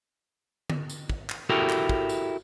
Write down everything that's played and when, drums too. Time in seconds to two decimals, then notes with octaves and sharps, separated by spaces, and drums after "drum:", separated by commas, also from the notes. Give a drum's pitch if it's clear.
0.70 drum: tom D3
0.90 drum: tambourine
1.10 drum: kick
1.30 drum: clap
1.49 E4 F#4 G4 A4 A#4
1.69 drum: clap
1.89 drum: kick
2.09 drum: tambourine